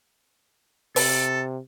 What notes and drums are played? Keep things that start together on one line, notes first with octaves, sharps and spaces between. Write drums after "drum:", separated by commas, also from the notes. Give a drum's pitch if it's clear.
C3 A4, drum: open hi-hat